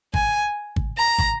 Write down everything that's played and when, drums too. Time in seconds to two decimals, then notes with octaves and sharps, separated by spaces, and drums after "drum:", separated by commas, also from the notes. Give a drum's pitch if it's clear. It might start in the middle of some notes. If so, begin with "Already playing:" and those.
0.14 G#5, drum: kick
0.76 drum: kick
0.97 A#5
1.18 drum: kick